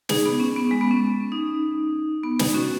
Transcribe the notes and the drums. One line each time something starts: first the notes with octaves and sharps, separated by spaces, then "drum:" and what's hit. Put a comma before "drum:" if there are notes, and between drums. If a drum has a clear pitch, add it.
D#4 G#4, drum: snare
B3
C#4
B3
G#3
B3
C#4
D#4
B3
D#4, drum: snare
C#4 F#4